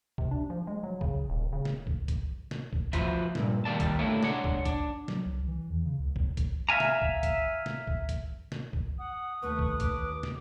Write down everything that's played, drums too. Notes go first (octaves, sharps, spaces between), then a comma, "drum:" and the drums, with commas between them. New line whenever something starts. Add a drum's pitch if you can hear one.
C3, drum: kick
D4
F3
G#3
F#3
C#3, drum: kick
D#1
C#3
drum: snare
drum: kick
drum: kick, hi-hat
drum: snare
drum: kick
F3 F4 F#4 B4 C5 E5, drum: kick, hi-hat
C2 G2 A#2, drum: snare
D#3 G3 A#3 D5 A5
drum: kick, hi-hat
D3 A3 E4 C#5
G#3 D4 C#5 F#5, drum: snare
drum: kick
D4, drum: kick, hi-hat
F#3, drum: snare
C2
E3
E2
C#3
C#2
drum: kick
drum: kick, hi-hat
E5 F5 G#5 A#5
drum: snare
drum: kick
drum: kick, hi-hat
drum: snare
drum: kick
drum: kick, hi-hat
drum: snare
drum: kick
F#5 D#6
D#2 A3 B4 C#6
drum: kick
D#2 D6, drum: kick, hi-hat
drum: snare